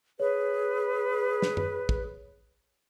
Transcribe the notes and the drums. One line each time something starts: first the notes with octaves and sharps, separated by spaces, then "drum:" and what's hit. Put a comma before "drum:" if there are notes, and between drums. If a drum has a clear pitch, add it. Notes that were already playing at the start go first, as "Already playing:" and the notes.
G#4 B4 C#5
drum: snare
drum: tom F#2
drum: kick